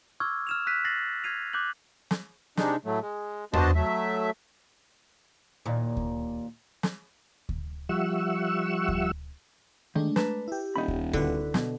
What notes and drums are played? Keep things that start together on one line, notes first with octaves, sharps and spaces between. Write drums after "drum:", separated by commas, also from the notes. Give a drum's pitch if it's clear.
C#6 D6 E6 F6 G#6
F6 E7 F7
E6 F#6 B6 D#7
A6 A#6 C7 F#7
F6 G#6 C7 D#7 F7
D6 F#6 G6 F#7
drum: snare
C3 G#3 D4 D#4, drum: snare
A2 F#3 A3
G#3
B3 D4 F#4 C5 D#5 A5, drum: tom E2
F#3 A3 E5
D#2 A#2
drum: kick D2
drum: snare
drum: kick D2
F3 G3 E5 F#5 C#6 E6
drum: kick D2
D#3 G#3 A3 D4
B4 A5 A#5, drum: snare
E4 G4
D#1 D#4 B5
drum: kick D2
D3 E4 F#4 B4, drum: kick D2
B2, drum: snare